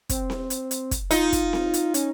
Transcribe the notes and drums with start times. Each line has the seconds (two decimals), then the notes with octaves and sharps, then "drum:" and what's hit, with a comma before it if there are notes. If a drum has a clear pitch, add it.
0.09 C4, drum: kick, hi-hat
0.30 drum: snare C4
0.50 drum: hi-hat
0.71 drum: hi-hat
0.91 drum: kick, hi-hat
1.11 D#4 F4, drum: hi-hat
1.32 drum: kick, hi-hat
1.53 drum: snare C4
1.74 drum: hi-hat
1.94 C#4, drum: hi-hat